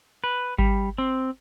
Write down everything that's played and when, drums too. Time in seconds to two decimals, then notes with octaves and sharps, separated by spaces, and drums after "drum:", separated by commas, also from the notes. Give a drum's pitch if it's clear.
0.24 B4
0.58 G3, drum: kick G#1
0.98 C4